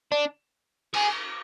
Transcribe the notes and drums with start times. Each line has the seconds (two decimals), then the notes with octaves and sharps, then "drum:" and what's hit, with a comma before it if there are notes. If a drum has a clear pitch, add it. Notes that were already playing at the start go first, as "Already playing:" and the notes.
0.12 D4
0.94 G#4, drum: cymbal